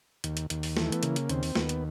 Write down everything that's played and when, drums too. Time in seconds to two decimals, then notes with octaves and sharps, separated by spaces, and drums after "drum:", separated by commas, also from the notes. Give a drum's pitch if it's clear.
0.24 D#2, drum: hi-hat
0.37 drum: hi-hat
0.50 D#2, drum: hi-hat
0.63 drum: open hi-hat
0.77 E3 A3, drum: snare
0.92 B3, drum: hi-hat
1.03 C#3 A#3, drum: hi-hat
1.16 drum: hi-hat
1.29 D#2 C4, drum: hi-hat
1.43 drum: open hi-hat
1.55 D#2 B3, drum: snare
1.69 drum: hi-hat